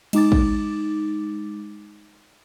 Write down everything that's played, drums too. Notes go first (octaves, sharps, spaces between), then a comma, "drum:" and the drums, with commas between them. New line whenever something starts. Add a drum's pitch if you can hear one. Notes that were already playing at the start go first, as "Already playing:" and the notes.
G#3 D#4 D6 A6, drum: cymbal
drum: kick A1